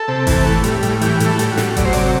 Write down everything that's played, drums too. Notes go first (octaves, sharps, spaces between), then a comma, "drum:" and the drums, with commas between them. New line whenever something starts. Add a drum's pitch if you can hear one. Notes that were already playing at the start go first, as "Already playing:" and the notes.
Already playing: A4
C3
E3, drum: kick G1, open hi-hat
A2
G3, drum: hi-hat
A2, drum: hi-hat
E3 G4, drum: hi-hat
A2, drum: hi-hat
A4
G3, drum: hi-hat
F#4
A2, drum: snare
F#3 D5, drum: kick G1, hi-hat
C5
C3 D5, drum: open hi-hat